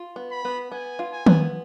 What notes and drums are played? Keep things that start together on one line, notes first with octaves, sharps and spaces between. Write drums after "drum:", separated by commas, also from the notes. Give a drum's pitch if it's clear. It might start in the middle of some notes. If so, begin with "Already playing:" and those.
Already playing: F4
B3
B5
B3
B3 G#5
F4
G#5
B3, drum: tom D#3